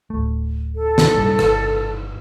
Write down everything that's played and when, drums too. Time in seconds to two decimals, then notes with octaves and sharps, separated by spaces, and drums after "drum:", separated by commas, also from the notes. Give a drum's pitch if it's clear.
0.10 D1 A3
0.75 A4
0.98 drum: snare
1.14 F#2 A#2 G3
1.39 G1, drum: rim click